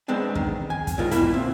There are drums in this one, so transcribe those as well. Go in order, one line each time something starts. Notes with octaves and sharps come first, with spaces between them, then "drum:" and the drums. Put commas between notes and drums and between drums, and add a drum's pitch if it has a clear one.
G#3 B3 C4 D4
D#3, drum: kick
G#5
drum: kick, hi-hat
D#3 G#3 F4 A#4
B2 A#3 E4, drum: kick, hi-hat
C4